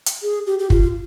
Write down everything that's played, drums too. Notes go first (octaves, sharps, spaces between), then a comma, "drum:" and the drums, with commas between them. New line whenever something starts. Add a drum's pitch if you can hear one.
drum: hi-hat
G#4
G4
G4
F4, drum: kick